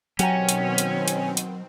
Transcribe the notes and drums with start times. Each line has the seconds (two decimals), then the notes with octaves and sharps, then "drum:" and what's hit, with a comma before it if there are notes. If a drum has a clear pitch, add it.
0.19 B2 D#3 F#3 C4 C#4 F#4 G4 A#5, drum: hi-hat
0.49 drum: hi-hat
0.78 drum: hi-hat
1.08 drum: hi-hat
1.37 drum: hi-hat